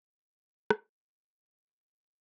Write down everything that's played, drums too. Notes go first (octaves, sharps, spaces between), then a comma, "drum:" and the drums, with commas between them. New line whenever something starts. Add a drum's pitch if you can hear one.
G3 A#3 D4 A#4
drum: rim click
D3 G3 D4 A#4
A#2 A#3 G4 A#4